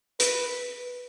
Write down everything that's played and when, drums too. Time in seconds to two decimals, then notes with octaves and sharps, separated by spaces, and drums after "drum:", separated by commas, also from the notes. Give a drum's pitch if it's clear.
0.20 B4, drum: hi-hat